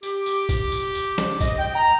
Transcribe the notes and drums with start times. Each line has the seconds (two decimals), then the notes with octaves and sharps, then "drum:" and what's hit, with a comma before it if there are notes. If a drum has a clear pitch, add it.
0.03 G4, drum: tambourine
0.26 drum: tambourine
0.49 drum: kick, tambourine
0.72 drum: tambourine
0.95 drum: tambourine
1.18 drum: snare
1.41 D#5, drum: kick, tambourine
1.59 G5
1.75 A#5